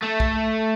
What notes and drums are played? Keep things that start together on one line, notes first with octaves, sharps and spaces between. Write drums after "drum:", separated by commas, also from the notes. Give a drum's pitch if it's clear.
A3
drum: kick B1